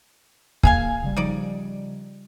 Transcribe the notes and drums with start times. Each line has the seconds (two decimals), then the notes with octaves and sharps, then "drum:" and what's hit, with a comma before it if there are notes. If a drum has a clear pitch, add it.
0.63 A#3 G#4 F5 G#5, drum: kick
1.02 G1 C#3 G3
1.17 C#3 F3 G3 D#4 D5